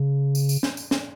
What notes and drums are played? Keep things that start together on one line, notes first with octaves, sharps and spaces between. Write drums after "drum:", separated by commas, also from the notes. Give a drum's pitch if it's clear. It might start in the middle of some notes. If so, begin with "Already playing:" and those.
Already playing: C#3
drum: tambourine
drum: tambourine
drum: snare
drum: tambourine
drum: snare